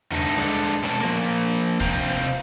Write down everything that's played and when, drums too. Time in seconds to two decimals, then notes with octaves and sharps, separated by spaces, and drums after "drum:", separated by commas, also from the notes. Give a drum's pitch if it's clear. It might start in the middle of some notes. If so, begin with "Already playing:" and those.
0.11 G2 D3 A3 D#4, drum: tom D#2
0.38 G#3 D4 A4
0.83 B2 G#3 C#4 D4 F#4 A4
1.01 F3 A#3
1.80 C3 F4 C5 F5 G5 A#5, drum: kick